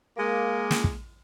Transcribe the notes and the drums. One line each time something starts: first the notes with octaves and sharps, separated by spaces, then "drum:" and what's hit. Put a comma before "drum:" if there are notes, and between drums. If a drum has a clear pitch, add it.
G#3 A#3
drum: snare
drum: kick